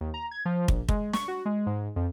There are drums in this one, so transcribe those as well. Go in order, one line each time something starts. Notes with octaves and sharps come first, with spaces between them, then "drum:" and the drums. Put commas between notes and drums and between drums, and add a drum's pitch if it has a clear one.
D#2
A#5
G#6
F3
A#1, drum: kick
G#3, drum: kick
C#6, drum: snare
F#4
G#3
G#2
F2